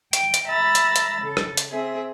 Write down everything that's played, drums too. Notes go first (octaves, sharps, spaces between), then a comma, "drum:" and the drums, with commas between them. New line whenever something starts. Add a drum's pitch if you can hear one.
G5, drum: hi-hat
drum: hi-hat
E5 A#5 B5 E6 A6
drum: hi-hat
drum: hi-hat
C#3 A4
drum: rim click
drum: hi-hat
C4 G#4 E5